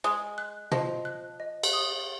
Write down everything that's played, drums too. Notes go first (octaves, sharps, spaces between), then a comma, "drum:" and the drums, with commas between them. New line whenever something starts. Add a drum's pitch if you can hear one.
G#3 D#6
F#6
F3 D#5, drum: tom
F#6
D#5
drum: cymbal
D#6